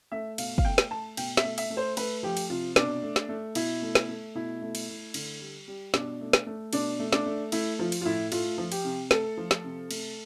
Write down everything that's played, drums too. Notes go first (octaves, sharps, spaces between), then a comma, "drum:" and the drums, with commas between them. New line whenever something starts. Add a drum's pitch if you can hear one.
A3 E5
B2 F5, drum: cymbal
F5, drum: kick
A3 G5
drum: snare
A3 A5
B2 G5, drum: cymbal
E5, drum: snare
A3
E5, drum: cymbal
A3
C5
A3 B4, drum: cymbal
F3 G4
drum: cymbal
C3 F4
B2 D4, drum: snare
A3
drum: snare
A3
B2 E4, drum: cymbal
A3
drum: snare
A3
B2 E4
A3
drum: cymbal
A3
D3, drum: cymbal
G3
G3
B2 D4, drum: snare
A3
drum: snare
A3
B2 D4, drum: cymbal
A3
D4, drum: snare
A3
A3 E4, drum: cymbal
F3 F4
drum: cymbal
F4
A2 E4
A3 F4, drum: cymbal
F3
G4, drum: cymbal
C3
A3 A4, drum: snare
F3
drum: snare
C3
A3, drum: cymbal